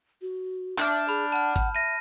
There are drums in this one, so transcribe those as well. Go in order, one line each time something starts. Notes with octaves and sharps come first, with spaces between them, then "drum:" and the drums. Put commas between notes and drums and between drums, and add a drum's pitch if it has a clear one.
F#4
D4 E5 F6 G6, drum: clap
G#4 B5
F#5 A5 F6
drum: kick G#1, hi-hat
E5 A#6 D#7